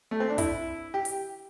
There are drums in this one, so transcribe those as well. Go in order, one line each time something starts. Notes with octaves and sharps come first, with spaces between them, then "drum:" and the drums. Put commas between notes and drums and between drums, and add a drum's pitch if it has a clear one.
A3
C4
D4
E4, drum: kick, hi-hat
G4
drum: hi-hat